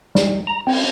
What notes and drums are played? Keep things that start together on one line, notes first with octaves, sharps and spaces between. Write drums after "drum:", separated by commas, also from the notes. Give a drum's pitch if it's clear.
G3, drum: snare
A#5
C4, drum: cymbal